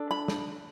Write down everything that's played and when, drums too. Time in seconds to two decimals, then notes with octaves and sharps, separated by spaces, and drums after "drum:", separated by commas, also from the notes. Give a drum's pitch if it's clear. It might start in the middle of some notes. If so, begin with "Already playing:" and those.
Already playing: D4 A4
0.11 B5
0.28 drum: snare